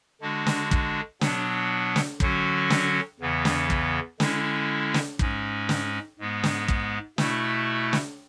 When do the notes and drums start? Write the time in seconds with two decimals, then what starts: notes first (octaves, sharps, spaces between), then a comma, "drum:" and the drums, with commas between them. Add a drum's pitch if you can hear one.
0.21 D3 G#3 D4 F#4
0.46 drum: snare
0.71 drum: kick
1.21 B2 F#3 B3 D4, drum: snare
1.96 drum: snare
2.20 D3 F#3 C#4 F#4, drum: kick
2.70 drum: snare
3.20 E2 C#3 E3 B3
3.45 drum: snare
3.70 drum: kick
4.20 D3 G#3 C#4 E4, drum: snare
4.94 drum: snare
5.19 G#2 G#3 C#4, drum: kick
5.69 drum: snare
6.19 G#2 G#3 B3
6.44 drum: snare
6.68 drum: kick
7.18 B2 A3 E4, drum: snare
7.93 drum: snare